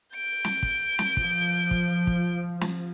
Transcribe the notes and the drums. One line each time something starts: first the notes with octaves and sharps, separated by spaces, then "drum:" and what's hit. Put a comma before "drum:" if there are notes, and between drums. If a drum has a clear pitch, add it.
G6 D7
drum: snare
drum: kick
drum: snare
F3, drum: kick
drum: kick
drum: kick
drum: snare